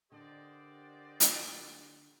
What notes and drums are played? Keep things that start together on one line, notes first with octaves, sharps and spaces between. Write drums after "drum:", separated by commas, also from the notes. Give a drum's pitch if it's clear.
D3 G4 A#4 C5 D5 D#5 F#5
drum: hi-hat